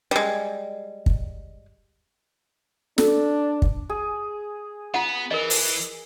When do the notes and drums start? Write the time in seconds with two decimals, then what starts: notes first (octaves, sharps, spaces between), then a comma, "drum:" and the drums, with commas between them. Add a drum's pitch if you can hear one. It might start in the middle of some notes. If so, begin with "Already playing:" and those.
0.11 G3 G#3
1.06 drum: kick
2.98 D4 A4, drum: snare
3.62 drum: kick
3.90 G#4
4.94 B3 F4 F#5
5.31 E3 A#4 D#5
5.50 drum: open hi-hat